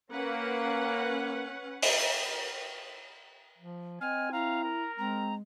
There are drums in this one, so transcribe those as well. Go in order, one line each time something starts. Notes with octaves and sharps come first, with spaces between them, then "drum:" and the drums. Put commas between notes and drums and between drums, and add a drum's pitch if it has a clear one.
A#3 C#4 B4 F#5
drum: open hi-hat
F3
C4 D#5 G#5 F6
E4 F5 A#5
A#4
G#3 C4 A#5